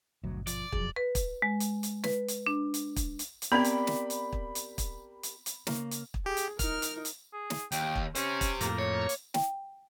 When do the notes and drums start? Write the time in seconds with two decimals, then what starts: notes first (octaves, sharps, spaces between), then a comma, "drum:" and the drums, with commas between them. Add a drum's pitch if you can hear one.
0.24 G#1 D2 G2 B2 F#3
0.47 F3 D5, drum: hi-hat
0.72 E1 F2 F3 F#3 G#4, drum: kick
0.96 B4
1.15 drum: kick, hi-hat
1.42 G#3
1.60 drum: hi-hat
1.83 drum: hi-hat
2.04 B4, drum: snare
2.28 drum: hi-hat
2.47 D4
2.74 drum: hi-hat
2.96 drum: kick, hi-hat
3.19 drum: hi-hat
3.42 drum: hi-hat
3.52 B3 C4 G4 A#4 D5 B5
3.64 drum: hi-hat
3.87 drum: snare
4.10 drum: hi-hat
4.33 drum: kick
4.55 drum: hi-hat
4.78 drum: kick, hi-hat
5.23 drum: hi-hat
5.46 drum: hi-hat
5.67 C#3 A#3, drum: snare
5.91 drum: hi-hat
6.14 drum: kick
6.26 G4 G#4
6.37 drum: hi-hat
6.59 D#4 A#4 F6, drum: kick, hi-hat
6.82 drum: hi-hat
7.05 drum: hi-hat
7.33 G#4
7.50 drum: snare
7.72 D#2 G5, drum: hi-hat
7.96 drum: kick
8.15 C#4 G4 C5, drum: hi-hat
8.41 drum: kick, hi-hat
8.61 F2 A2 A#3 A#5, drum: hi-hat
8.79 C#5
9.09 drum: hi-hat
9.34 G5, drum: snare